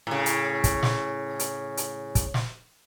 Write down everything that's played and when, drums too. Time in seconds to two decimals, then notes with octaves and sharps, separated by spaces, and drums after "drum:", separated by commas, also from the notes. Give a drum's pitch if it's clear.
0.07 A2 C#3
0.26 drum: hi-hat
0.64 drum: kick, hi-hat
0.83 drum: snare
1.39 drum: hi-hat
1.77 drum: hi-hat
2.15 drum: kick, hi-hat
2.34 drum: snare